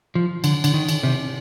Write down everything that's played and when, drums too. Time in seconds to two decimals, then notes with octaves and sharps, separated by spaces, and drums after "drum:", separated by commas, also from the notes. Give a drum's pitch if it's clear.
0.15 F3
0.44 D3, drum: cymbal
0.64 D3, drum: cymbal
0.74 D#3
0.89 drum: cymbal
1.03 C3